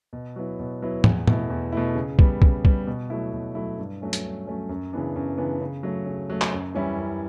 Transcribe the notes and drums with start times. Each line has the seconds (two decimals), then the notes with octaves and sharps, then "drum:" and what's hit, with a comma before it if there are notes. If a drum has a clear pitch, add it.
0.13 B2
0.36 F#3 B3 E4
0.59 B2
0.82 F#3 B3 E4
1.04 E2, drum: tom
1.28 B2 A3 E4, drum: tom
1.50 E2
1.72 B2 A3 E4
1.95 C#3
2.19 G3 B3, drum: kick
2.42 C#3, drum: kick
2.65 G3 B3, drum: kick
2.87 B2
3.10 F#3 A3 E4
3.33 B2
3.55 F#3 A3 E4
3.79 G2
4.02 F#3 A3 C#4
4.13 drum: hi-hat
4.24 G2
4.47 F#3 A3 C#4
4.69 F#2
4.93 C#3 E3 B3 D4
5.16 F#2
5.38 C#3 E3 B3 D4
5.61 C#3
5.83 F#3 A3
6.06 C#3
6.30 F#3 A3
6.41 drum: clap
6.53 F#2
6.74 E3 G3 C#4 E4
6.97 F#2